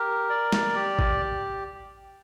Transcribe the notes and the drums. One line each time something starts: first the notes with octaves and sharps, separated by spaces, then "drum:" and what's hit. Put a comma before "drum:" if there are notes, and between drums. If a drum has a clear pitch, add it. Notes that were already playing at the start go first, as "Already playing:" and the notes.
Already playing: G4 A#4
D5
drum: snare
G4
drum: kick G#1